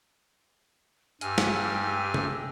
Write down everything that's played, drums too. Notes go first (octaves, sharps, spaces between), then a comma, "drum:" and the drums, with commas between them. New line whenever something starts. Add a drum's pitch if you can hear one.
G2 G4 G#5 E6 F6, drum: hi-hat
drum: snare
drum: tom